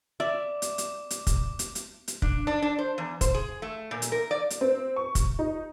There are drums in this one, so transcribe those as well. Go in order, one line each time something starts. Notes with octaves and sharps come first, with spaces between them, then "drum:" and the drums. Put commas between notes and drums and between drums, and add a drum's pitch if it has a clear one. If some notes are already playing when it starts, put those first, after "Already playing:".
D5 E5 D6 E7
drum: hi-hat
drum: hi-hat
drum: hi-hat
drum: kick, hi-hat
drum: hi-hat
drum: hi-hat
drum: hi-hat
D4, drum: kick
D4
D4
C5
E2
C5, drum: kick, hi-hat
G#4
A3
A#2
drum: hi-hat
A#4
D5
drum: hi-hat
C4
C#6
drum: kick, hi-hat
D#4